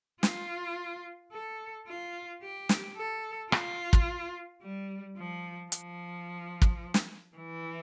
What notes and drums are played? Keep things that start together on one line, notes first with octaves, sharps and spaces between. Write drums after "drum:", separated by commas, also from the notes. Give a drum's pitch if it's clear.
F4, drum: snare
A4
F4
G4
drum: snare
A4
F4, drum: rim click
drum: kick
G3
F3
F3, drum: hi-hat
drum: kick
drum: snare
E3